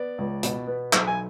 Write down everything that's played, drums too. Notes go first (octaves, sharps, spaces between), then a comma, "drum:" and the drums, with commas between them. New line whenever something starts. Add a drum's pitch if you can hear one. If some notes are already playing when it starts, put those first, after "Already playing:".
Already playing: B3 D5
C#2
B2, drum: hi-hat
B3
B1, drum: clap
G#5